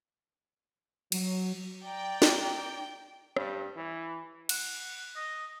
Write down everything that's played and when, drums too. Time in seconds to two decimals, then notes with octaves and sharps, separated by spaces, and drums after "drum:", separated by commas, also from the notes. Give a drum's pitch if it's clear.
1.12 F#3, drum: cymbal
1.84 D5 G5 A#5
2.22 drum: snare
3.37 G2, drum: rim click
3.76 E3
4.49 F#5, drum: cymbal
5.16 D#5